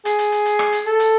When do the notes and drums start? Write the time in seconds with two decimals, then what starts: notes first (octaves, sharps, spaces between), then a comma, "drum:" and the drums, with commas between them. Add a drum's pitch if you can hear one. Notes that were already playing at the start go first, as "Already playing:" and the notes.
0.05 G#4, drum: hi-hat
0.19 drum: hi-hat
0.32 drum: hi-hat
0.46 drum: hi-hat
0.59 drum: rim click
0.73 drum: hi-hat
0.86 A4
1.00 drum: hi-hat